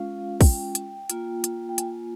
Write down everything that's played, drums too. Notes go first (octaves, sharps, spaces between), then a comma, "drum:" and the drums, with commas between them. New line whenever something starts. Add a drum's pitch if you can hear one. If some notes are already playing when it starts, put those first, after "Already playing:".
Already playing: G#3 C#4 F4 F5
G5, drum: kick, open hi-hat
drum: hi-hat
A#3 F4, drum: hi-hat
drum: hi-hat
G5
G#5, drum: hi-hat